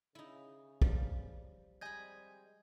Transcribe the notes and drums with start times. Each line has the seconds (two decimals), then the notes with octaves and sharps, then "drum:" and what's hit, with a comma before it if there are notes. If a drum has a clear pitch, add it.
0.15 C#3 D#4 E4
0.82 F3 G3, drum: kick
1.81 C3 G3 G#3 D#5 G#5 B5 G6 G#6